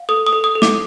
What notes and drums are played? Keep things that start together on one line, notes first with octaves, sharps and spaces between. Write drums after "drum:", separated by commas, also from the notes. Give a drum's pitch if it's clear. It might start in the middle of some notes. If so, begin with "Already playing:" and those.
Already playing: F5
A4 D#6
D#6
A4
D#6
A4
D6, drum: snare